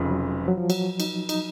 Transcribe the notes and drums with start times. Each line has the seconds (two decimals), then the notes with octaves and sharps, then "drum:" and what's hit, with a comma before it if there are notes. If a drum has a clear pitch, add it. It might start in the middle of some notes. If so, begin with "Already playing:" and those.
Already playing: F1 F2 C#3
0.11 F#3
0.40 F3
0.48 F#3
0.57 F3
0.70 F#3, drum: cymbal
1.00 D#4, drum: cymbal
1.29 D#4, drum: cymbal